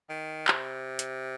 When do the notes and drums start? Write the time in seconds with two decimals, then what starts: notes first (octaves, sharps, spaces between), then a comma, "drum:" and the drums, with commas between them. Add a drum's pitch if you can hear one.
0.09 D#3
0.48 C3, drum: clap
0.99 drum: hi-hat